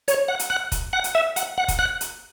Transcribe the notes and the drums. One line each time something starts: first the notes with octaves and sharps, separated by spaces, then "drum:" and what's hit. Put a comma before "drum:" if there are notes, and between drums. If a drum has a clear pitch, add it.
C#5, drum: hi-hat
F#5
drum: hi-hat
F#5
drum: kick, hi-hat
F#5
drum: hi-hat
E5
F#5, drum: hi-hat
F#5
drum: kick, hi-hat
F#5
drum: hi-hat